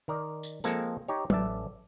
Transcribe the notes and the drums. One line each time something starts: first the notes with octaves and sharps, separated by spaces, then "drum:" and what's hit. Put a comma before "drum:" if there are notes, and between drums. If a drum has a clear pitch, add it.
D#3 A#4 D5
drum: tambourine
F3 G#3 A#3 C4 A4, drum: tambourine
D#4 G4 C#5
A1 D5 E5 A5, drum: tom F#3